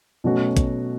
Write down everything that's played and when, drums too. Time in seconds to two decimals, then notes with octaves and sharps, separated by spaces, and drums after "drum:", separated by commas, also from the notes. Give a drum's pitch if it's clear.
0.24 B2 F#3 A3 C#4 F#4
0.57 drum: kick A1, hi-hat